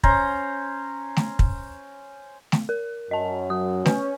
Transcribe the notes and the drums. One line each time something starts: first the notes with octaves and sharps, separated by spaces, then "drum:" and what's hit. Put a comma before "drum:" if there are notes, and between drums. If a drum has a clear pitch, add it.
C#4 C5 A#5, drum: kick
drum: snare A3
drum: kick
drum: snare A3
A#4
F#2 D#5 A5
F#3 D#6
C#4 B4, drum: snare A3